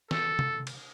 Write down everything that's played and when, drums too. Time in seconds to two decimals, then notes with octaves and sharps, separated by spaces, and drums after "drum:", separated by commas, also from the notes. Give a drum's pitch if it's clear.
0.11 A4, drum: snare
0.39 drum: tom
0.67 drum: cymbal